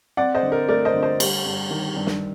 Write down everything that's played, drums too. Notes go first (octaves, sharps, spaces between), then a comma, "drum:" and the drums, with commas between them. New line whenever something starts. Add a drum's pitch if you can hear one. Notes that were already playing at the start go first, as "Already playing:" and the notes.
C4 D5 F#5
C5 D#5
D3
A#4
A3 A#4 D5
C5 D#5
D3
C5 D#5
G3, drum: cymbal
G2
D#3
G2
drum: snare